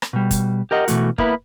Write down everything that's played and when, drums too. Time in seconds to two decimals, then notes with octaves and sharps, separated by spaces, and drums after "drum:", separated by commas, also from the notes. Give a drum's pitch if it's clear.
0.02 drum: rim click
0.13 B2 G3
0.31 drum: kick, hi-hat
0.71 G4 A#4 D#5 F#5
0.88 B2 E3 A3 F#4, drum: hi-hat
1.18 A#3 B3 E4 B4, drum: kick